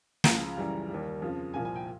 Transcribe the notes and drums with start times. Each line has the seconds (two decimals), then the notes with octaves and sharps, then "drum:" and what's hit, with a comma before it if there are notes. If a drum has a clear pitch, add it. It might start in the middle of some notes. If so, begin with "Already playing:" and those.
0.24 C#2 C#3 F3 A#5, drum: snare
0.57 F#2 C#3 E3 G3
0.90 D#2 D#3 G3
1.22 F2 C#3 F3
1.54 C2 A#2 F3 G#5
1.65 G#5
1.76 G5